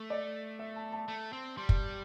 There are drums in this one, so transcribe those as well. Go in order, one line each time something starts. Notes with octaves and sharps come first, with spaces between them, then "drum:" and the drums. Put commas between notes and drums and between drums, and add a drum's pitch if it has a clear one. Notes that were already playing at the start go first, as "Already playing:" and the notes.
Already playing: A3
D5
E5
A5
A5
A3
C4
G3 C6
drum: kick